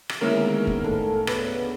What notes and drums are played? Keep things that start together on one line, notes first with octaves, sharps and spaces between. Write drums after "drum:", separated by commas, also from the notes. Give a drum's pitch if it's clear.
drum: rim click
D2 D#3 G#3 A#3 B3 C#4 E4 A#4
drum: kick
A2 A4
D2 C#3 B3 B4, drum: rim click